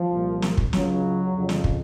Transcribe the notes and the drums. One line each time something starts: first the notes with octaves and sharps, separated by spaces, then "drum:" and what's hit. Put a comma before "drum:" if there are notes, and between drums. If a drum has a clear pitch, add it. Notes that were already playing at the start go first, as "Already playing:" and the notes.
Already playing: F3
C2 A#2
drum: snare
drum: kick
C#2 C#3 F#3, drum: snare
F2 C#3
drum: snare
drum: kick